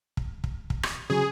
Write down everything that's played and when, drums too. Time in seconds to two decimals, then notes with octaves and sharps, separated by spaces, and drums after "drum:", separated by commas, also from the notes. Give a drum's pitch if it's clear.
0.17 drum: kick
0.44 drum: kick
0.70 drum: kick
0.83 drum: rim click
1.10 C#3 F#3 G#4